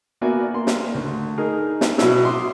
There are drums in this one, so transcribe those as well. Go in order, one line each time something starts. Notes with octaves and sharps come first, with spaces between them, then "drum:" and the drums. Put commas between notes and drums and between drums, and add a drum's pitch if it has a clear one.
A#3 B3 F#4 D5 E5 G#5
A#3 C6
drum: snare
D2
D#4 G#4 A#4
drum: snare
B2 F#3 E4 E6, drum: snare
E5 C6 D6 D#6